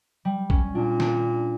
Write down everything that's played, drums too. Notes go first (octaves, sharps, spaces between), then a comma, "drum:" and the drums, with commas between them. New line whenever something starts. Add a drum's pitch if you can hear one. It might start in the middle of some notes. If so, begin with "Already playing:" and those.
G3
C#4, drum: kick
A#2 D4
D4, drum: snare